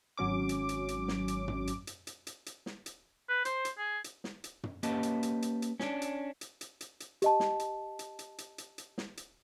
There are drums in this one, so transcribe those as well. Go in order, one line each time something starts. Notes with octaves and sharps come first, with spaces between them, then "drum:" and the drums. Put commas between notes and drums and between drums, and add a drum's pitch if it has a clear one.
G#1 F#3 C#4 D6
drum: hi-hat
drum: hi-hat
drum: hi-hat
drum: snare
drum: hi-hat
drum: tom
drum: hi-hat
drum: hi-hat
drum: hi-hat
drum: hi-hat
drum: hi-hat
drum: snare
drum: hi-hat
B4
C5, drum: hi-hat
drum: hi-hat
G#4
drum: hi-hat
drum: snare
drum: hi-hat
drum: tom
A#3 C#4 G4 B4 D#5 A5, drum: hi-hat
drum: hi-hat
drum: hi-hat
drum: hi-hat
drum: hi-hat
C#4 D4, drum: snare
drum: hi-hat
drum: hi-hat
drum: hi-hat
drum: hi-hat
drum: hi-hat
G4 D#5 A5, drum: hi-hat
drum: snare
drum: hi-hat
drum: hi-hat
drum: hi-hat
drum: hi-hat
drum: hi-hat
drum: hi-hat
drum: snare
drum: hi-hat